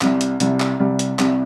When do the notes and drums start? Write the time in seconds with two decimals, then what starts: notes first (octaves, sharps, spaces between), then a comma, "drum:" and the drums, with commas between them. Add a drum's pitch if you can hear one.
0.01 C2 C3 G3, drum: clap
0.21 drum: hi-hat
0.40 C2 C3 G3, drum: hi-hat
0.60 drum: clap
0.80 C2 C3 G3
0.99 drum: hi-hat
1.19 C2 C3 G3, drum: clap